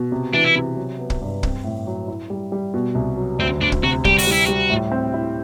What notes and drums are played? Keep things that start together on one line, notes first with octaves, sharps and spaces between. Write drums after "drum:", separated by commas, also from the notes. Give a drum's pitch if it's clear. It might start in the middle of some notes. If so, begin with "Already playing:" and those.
Already playing: B2
C3
E3 D4
E4
C3
F#3
B3
drum: kick
G2
C4, drum: kick
A2
F#3
E4
G3
G3
B2
C2
F#3
D2 C4
D2 D4
drum: kick
C3 F#4
G3 G4, drum: kick
F#4, drum: open hi-hat
G3 E4
G3 F#4
A2
C4
E4